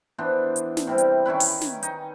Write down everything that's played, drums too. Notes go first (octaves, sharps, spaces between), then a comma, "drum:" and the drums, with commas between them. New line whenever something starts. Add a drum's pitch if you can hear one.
E3 B3 D4 C5
drum: hi-hat
drum: snare
C3 G3 E4
drum: hi-hat
D#3 C#4 E4 B4
drum: open hi-hat
drum: snare
D#4, drum: hi-hat